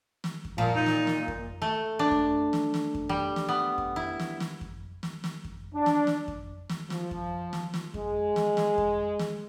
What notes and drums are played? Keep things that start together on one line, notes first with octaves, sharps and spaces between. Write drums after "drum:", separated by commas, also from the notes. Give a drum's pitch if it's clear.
drum: snare
drum: kick F2
A#2 F3
D#4
drum: snare
drum: snare
drum: kick F2
A3
D4
drum: kick F2
drum: snare
drum: snare
drum: kick F2
G3
drum: snare
B3
drum: kick F2
E4
drum: snare
drum: snare
drum: kick F2
drum: snare
drum: snare
drum: kick F2
D4
drum: snare
drum: snare
drum: kick F2
drum: snare
F3, drum: snare
drum: kick F2
drum: snare
drum: snare
G#3, drum: kick F2
drum: snare
drum: snare
drum: kick F2
drum: snare